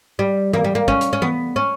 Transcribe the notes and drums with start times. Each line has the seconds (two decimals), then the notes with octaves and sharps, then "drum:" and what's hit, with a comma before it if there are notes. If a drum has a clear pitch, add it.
0.19 G3
0.53 A#3, drum: tom E3
0.64 G3
0.75 A#3
0.88 C#4, drum: kick
1.01 drum: hi-hat
1.13 C#4
1.22 B3, drum: tom E3
1.56 C#4